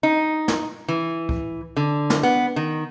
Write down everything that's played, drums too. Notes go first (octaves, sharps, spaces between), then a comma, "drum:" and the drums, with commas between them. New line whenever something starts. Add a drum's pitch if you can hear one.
D#4
drum: snare
E3
drum: kick C#2
D3
drum: snare
B3
D#3